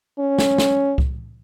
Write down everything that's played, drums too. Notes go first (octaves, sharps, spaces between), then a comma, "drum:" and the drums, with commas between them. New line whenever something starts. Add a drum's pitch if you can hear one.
C#4
drum: snare
drum: snare
drum: kick C2